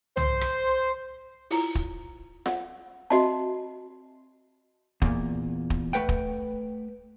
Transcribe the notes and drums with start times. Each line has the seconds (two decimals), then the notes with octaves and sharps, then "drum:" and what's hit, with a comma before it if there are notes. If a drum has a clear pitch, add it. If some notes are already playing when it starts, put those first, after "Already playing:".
0.17 C5, drum: tom
0.41 drum: rim click
1.51 E4 F4 A#5, drum: open hi-hat
1.75 drum: kick
2.46 F#5, drum: snare F4
3.10 C4 F#4 D#5 E5 A5 B5
5.02 E2 A#2, drum: kick
5.70 drum: kick
5.93 A3 B4 F#5 G5
6.09 drum: kick